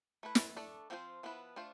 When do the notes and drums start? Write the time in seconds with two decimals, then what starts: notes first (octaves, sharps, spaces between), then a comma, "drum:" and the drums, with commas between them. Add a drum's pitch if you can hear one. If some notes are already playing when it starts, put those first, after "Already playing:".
0.23 A3 E4 B4
0.35 drum: snare
0.56 A3 D4 A4 D5
0.90 F3 C4 F4 A4 C5
1.23 F3 B3 E4 B4
1.56 A3 D4 F4 C5